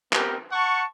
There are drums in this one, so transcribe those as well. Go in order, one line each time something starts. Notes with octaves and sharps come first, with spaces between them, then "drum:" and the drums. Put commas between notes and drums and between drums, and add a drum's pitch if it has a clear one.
B3 C4 G4 A#4, drum: clap
F#5 A5 C#6